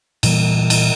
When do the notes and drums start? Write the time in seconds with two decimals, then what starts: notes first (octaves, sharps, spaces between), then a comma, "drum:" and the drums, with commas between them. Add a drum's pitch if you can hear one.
0.23 A#2 E3 G3 A#3, drum: cymbal
0.70 drum: cymbal